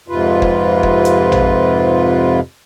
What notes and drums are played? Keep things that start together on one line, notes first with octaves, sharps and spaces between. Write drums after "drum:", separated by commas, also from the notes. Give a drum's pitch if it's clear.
F2 G#2 C3 F4 B4
drum: kick
drum: kick
drum: hi-hat
drum: tom A1